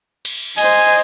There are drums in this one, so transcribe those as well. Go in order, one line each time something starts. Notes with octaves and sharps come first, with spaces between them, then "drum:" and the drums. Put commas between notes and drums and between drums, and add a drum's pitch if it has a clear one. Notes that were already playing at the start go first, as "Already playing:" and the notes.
drum: cymbal
C5 D#5 G#5, drum: cymbal